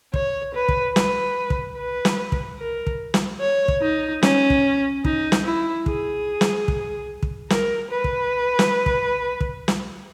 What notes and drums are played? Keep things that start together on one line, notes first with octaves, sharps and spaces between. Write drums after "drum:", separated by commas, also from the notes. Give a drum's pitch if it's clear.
C#5, drum: kick
B4
drum: kick
B4, drum: snare
drum: kick
B4
drum: snare
drum: kick
A#4
drum: kick
drum: snare
C#5
drum: kick
D#4
C#4, drum: snare
drum: kick
D#4, drum: kick
drum: snare
E4
G#4, drum: kick
drum: snare
drum: kick
drum: kick
A#4, drum: snare
B4
drum: kick
drum: snare
drum: kick
drum: kick
drum: snare